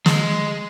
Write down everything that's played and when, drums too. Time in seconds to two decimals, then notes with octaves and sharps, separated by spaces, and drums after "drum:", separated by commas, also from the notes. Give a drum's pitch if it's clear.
0.06 G#3, drum: snare